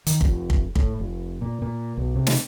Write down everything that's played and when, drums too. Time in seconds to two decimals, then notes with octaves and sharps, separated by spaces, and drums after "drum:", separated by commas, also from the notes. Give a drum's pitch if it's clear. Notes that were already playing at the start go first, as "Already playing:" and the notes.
0.07 D#3, drum: hi-hat
0.21 F1, drum: kick
0.50 drum: kick
0.76 A2, drum: kick
1.00 F1
1.41 A#2
1.62 A#2
1.97 B1
2.15 C3
2.27 drum: snare